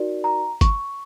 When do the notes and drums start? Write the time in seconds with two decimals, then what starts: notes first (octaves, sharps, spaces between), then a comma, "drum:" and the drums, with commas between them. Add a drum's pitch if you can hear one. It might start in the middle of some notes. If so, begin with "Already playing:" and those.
Already playing: D#4 F#4 A#4 D5
0.24 A#5
0.61 C#6, drum: kick G1, hi-hat